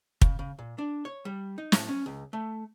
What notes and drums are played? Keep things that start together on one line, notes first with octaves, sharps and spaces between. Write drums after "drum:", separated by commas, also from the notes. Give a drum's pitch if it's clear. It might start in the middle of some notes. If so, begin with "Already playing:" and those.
C#3, drum: kick
C#3
A#2
D4
C#5
G3
D#4
A2, drum: snare
C#4
C#2
A3